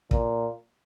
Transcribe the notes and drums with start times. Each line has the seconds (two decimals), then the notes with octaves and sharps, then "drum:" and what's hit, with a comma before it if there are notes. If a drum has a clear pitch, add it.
0.11 A#2, drum: kick